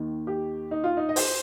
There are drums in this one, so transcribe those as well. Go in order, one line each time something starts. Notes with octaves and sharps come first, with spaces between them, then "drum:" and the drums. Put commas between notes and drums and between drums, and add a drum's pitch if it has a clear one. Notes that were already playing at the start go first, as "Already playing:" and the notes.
Already playing: D#2 D#3
G4
D#4
F4
D#4
D#5
C5, drum: open hi-hat